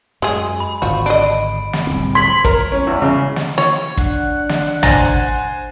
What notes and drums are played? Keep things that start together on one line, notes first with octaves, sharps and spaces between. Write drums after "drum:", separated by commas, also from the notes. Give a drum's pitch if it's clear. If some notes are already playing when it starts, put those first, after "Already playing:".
F#2 G#3 G#4
B5
G#1 D3 F3 F#4
D4 D#5 D7
drum: snare
D1 C2 C4
C6 G#6 B6 F#7
A#4, drum: kick
C#4
E2
C#3
drum: snare
C#5, drum: snare
D4 F#5, drum: kick
drum: snare
C5 G#5 A#5 A6, drum: tom A1